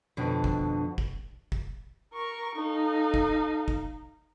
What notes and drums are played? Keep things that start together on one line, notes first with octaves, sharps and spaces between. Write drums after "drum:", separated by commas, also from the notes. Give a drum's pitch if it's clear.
F2 B2 D3
drum: kick
drum: kick
drum: kick
A#4 C#6
D#4 A4 F5
drum: kick
drum: kick